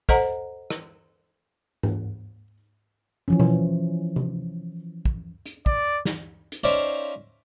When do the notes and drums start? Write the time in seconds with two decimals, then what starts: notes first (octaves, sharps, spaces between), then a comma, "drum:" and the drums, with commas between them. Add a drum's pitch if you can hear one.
0.09 A4 C5 D#5 F#5 A#5, drum: kick
0.70 drum: rim click
1.83 drum: tom G#2
3.28 E3 F3 C#4
3.40 drum: tom B2
4.16 drum: tom C3
5.05 drum: kick
5.46 drum: hi-hat
5.66 D5, drum: kick
6.05 drum: snare
6.52 drum: hi-hat
6.64 C#4 D#4 C5 D5 E5 F5